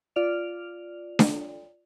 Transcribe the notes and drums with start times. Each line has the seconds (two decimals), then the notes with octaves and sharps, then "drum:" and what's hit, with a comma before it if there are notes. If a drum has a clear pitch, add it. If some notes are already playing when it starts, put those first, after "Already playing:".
0.16 F4 D5 F7
1.19 drum: snare D4